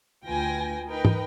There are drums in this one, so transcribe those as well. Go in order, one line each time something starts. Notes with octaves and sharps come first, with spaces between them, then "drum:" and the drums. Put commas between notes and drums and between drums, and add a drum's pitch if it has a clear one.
D2 F4 B4 G5 G#5 A#6
D#4 A#4 B4 G5
drum: tom